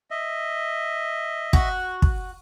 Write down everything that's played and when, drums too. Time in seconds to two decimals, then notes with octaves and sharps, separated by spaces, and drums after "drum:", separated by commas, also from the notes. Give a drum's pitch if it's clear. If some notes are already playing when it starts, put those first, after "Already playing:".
0.11 D#5 E5
1.53 F#4, drum: kick
2.02 drum: kick